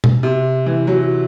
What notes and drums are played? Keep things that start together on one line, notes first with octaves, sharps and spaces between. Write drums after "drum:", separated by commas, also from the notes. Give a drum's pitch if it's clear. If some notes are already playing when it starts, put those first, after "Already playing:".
drum: tom
C3
E3
F#3